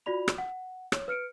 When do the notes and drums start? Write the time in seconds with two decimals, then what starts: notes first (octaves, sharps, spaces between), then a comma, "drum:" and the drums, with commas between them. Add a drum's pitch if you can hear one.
0.06 F4 F#4 D5 B5 F7
0.28 drum: rim click
0.38 F#5
0.92 C#5, drum: rim click
1.08 B4 F6 C#7 D7